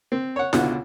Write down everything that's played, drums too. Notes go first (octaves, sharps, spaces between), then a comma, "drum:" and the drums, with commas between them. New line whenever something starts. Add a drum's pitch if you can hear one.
C4
C#5 F#5
C#2 B2 D3 F#5, drum: snare E4